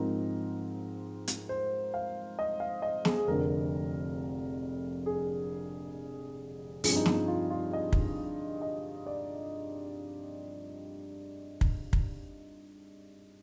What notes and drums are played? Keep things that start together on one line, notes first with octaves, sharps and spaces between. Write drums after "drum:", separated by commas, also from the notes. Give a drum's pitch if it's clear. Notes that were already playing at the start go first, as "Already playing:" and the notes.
Already playing: G#2 F3 C4 D#4 A#4
drum: hi-hat
C5
F5
D#5
F5
D#5
G#4, drum: snare
G#4
F1 F2 D3 A#4
G#4
G2 F3 C4 G#4, drum: open hi-hat
D#4
F4, drum: snare
F4
F4
D#5
drum: kick
D#5
D5
drum: kick
drum: kick